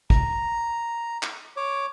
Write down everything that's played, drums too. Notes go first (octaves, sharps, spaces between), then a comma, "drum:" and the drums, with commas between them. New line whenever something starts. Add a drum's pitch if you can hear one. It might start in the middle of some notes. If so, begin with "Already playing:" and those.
A#5, drum: kick
drum: clap
C#5 D6